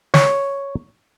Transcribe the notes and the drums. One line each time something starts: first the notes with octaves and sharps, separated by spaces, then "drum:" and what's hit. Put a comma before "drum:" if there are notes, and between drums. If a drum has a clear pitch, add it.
C#5, drum: snare